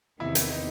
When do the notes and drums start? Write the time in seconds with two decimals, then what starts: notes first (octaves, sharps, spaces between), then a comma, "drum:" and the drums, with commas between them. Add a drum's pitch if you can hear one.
0.20 E2 C3 D#3 E4
0.35 E4, drum: hi-hat
0.49 D#4